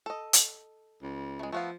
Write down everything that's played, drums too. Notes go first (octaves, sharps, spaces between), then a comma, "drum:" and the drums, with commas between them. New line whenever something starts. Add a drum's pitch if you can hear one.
A4 D#5
drum: hi-hat
C#2
G#3 A3
F3 A3 B3 F5